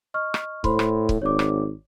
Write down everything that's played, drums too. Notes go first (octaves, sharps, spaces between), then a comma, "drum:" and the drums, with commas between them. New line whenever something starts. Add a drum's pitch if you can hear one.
D#5 C#6 F6
drum: rim click
A2 C5 B5 C6, drum: kick C#1
drum: rim click
drum: kick C#1
G#1 C#5 D5 D6
drum: rim click